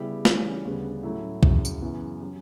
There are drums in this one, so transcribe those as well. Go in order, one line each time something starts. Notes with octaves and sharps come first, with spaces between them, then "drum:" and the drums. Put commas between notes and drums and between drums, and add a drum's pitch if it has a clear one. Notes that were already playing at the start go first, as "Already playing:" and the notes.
Already playing: C#3 G3 B3 E4 G4
C#3 E3 G3 C#4, drum: snare
D2 C#3 G3 B3 D4
A2 F#3 A3 C#4 E4
F#2 C#3 F#3 C#4 E4, drum: kick
drum: tambourine
F#2 C#3 E3 B3
F#3 C#4 G4